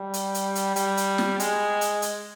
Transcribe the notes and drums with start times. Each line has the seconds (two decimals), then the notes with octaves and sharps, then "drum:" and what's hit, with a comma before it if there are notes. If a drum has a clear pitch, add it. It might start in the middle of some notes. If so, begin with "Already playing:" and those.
Already playing: G3
0.14 drum: hi-hat
0.34 drum: hi-hat
0.55 drum: hi-hat
0.76 G3, drum: hi-hat
0.97 drum: hi-hat
1.18 drum: snare
1.40 G#3, drum: hi-hat
1.81 drum: hi-hat
2.02 drum: hi-hat